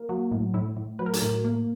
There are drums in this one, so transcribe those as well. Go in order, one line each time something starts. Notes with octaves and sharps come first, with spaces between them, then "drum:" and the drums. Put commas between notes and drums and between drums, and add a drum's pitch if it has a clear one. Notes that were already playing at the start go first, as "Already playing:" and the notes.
Already playing: A#3
F#3
A2
A2 E4
A2
F#3 B4
A#4
A4, drum: hi-hat
A2 A#4
A#3